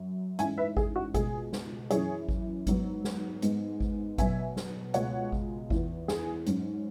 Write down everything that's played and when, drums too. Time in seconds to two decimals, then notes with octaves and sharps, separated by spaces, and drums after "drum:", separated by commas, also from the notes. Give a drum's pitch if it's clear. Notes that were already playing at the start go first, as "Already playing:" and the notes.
Already playing: F#2 F#3
0.39 G#2 E3 G#3 C#4 E5 G#5, drum: hi-hat
0.58 B4 E5
0.77 G#4, drum: kick G#1
0.96 F#4
1.14 C#2 B2 G#3 G#4, drum: kick G#1, hi-hat
1.53 drum: snare
1.90 F#2 E3 C#4 G#4 C#5, drum: hi-hat
2.29 drum: kick G#1
2.67 G#2 F#3 B3, drum: kick G#1, hi-hat
3.04 drum: snare
3.42 G#2 G#3 B3, drum: hi-hat
3.80 drum: kick G#1
4.18 B2 F#3 B3 E5 G#5, drum: kick G#1, hi-hat
4.56 drum: snare
4.94 C#2 B2 G#3 B3 C#5 F#5, drum: hi-hat
5.32 drum: kick G#1
5.70 E2 E3 B3, drum: kick G#1
6.08 G#4, drum: snare
6.46 G#2 F#3 C#4, drum: hi-hat